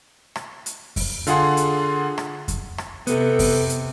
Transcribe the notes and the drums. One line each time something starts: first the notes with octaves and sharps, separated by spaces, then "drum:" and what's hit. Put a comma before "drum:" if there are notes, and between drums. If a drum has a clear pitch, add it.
drum: rim click
drum: hi-hat
drum: kick F2, open hi-hat
D3 F4 G#4 F#5 C6, drum: hi-hat
drum: hi-hat
drum: rim click
drum: kick F2, hi-hat
drum: rim click
C3 B3 A4, drum: hi-hat
drum: kick F2, open hi-hat
drum: hi-hat